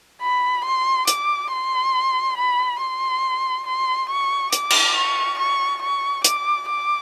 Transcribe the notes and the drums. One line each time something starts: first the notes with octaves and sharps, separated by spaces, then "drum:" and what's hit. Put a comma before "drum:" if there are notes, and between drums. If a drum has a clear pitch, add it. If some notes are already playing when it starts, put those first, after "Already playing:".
B5
C6
D6, drum: hi-hat
C6
B5
C6
C6
C#6
D6, drum: hi-hat
drum: cymbal
C#6
C#6
C#6
D6, drum: hi-hat
D6